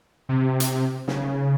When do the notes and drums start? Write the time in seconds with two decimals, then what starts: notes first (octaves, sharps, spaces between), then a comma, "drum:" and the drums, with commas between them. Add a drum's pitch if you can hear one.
0.29 C3
0.60 drum: hi-hat
1.08 C#3, drum: snare